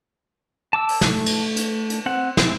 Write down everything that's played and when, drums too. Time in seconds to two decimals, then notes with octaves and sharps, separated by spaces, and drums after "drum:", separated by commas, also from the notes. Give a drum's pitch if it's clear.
0.73 A5 D6 E6
0.89 drum: open hi-hat
1.01 A3, drum: snare
1.26 drum: cymbal
1.57 drum: hi-hat
1.90 drum: hi-hat
2.06 C4 F#5
2.37 G#3 C4 E5, drum: snare